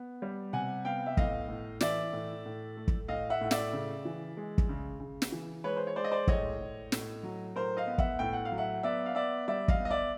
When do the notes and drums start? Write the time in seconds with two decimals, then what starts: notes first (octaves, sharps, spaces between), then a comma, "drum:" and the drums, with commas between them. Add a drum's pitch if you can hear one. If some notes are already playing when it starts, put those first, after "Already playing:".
Already playing: B3
0.22 G3
0.53 C3 F#5 G#5
0.85 B3 F5 G5
1.06 E5
1.17 A2 D#5 F5, drum: kick
1.49 A2
1.81 E3 D5 E5, drum: snare
2.13 A2
2.46 A2
2.77 A3
2.88 drum: kick
3.08 A2 D#5 F5
3.30 E5 F#5
3.41 A2
3.51 D5 E5, drum: snare
3.73 C#3
4.05 E3
4.37 G#3
4.58 drum: kick
4.69 C#3
5.00 C#3
5.22 drum: snare
5.32 E3
5.64 G#3 B4 C#5
5.77 C5
5.87 C#5
5.96 G#3 C5 D5
6.04 D#5
6.12 C5 D5
6.27 A2 C#5 D#5, drum: kick
6.61 A2
6.92 A2, drum: snare
7.23 F#3
7.56 A2 A#4 C5
7.77 D#5 F5
7.87 B3
7.98 E5 F#5, drum: kick
8.19 A2 G5
8.33 F#5
8.45 F5
8.51 F#3
8.58 E5 F#5
8.83 B3 D5 E5
9.06 F5
9.15 B3 D5 E5
9.48 G3 D5 E5
9.68 D#5 F5, drum: kick
9.80 B3
9.85 D#5
9.90 D5 E5